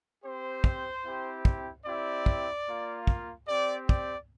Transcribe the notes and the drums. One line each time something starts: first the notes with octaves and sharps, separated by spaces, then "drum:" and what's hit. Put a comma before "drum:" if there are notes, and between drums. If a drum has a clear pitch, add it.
C4 G4 C5
drum: kick
C4 E4 G4
drum: kick
C4 E4 G4 D5
drum: kick
A#3 F4
drum: kick
C4 G4 D5
D5, drum: kick